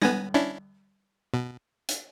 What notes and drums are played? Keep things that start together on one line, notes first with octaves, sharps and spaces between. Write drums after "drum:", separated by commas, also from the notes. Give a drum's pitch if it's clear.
B3 G#5 A#6, drum: tom G3
C#4 D4 E4
B2
drum: hi-hat